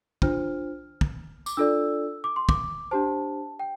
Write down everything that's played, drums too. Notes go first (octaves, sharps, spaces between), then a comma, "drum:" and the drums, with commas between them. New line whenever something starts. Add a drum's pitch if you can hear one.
D4 F4 C5 F6, drum: kick
drum: kick
D6, drum: tambourine
D4 F4 A4 D5 E6
D6
C6
D6, drum: kick
D4 G4 C5 A5
G5